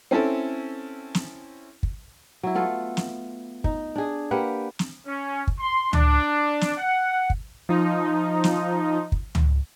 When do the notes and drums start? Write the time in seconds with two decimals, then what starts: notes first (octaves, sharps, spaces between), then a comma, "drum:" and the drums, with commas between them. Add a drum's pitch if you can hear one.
0.11 C4 C#4 E4 A4
1.15 drum: snare
1.83 drum: kick
2.43 F#3 E4
2.55 A3 B3 F4 A4
2.97 drum: snare
3.64 D#4, drum: kick
3.95 D4 G#4
4.31 A#3 G4 B4 F#5
4.79 drum: snare
5.07 C#4
5.47 drum: kick
5.59 C6
5.93 D4, drum: tom C#2
6.61 drum: snare
6.78 F#5
7.30 drum: kick
7.69 F3 D#4
8.44 drum: snare
9.12 drum: kick
9.35 drum: tom C#2